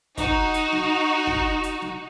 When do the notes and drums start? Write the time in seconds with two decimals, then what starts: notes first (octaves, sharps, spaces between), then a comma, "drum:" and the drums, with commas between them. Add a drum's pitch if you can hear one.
0.17 D#4 F#4, drum: kick, hi-hat
0.54 drum: hi-hat
0.72 drum: snare
1.27 drum: kick
1.63 drum: hi-hat
1.82 drum: snare